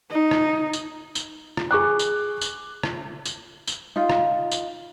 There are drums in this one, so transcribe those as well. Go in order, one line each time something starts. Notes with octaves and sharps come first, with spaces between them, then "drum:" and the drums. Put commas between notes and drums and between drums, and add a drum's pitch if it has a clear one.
D#4
drum: rim click
drum: tambourine
drum: tambourine
drum: rim click
G#4 C#6 D6 F#6
drum: tambourine
drum: tambourine
drum: rim click
drum: tambourine
drum: tambourine
D#4 F4
drum: rim click
drum: tambourine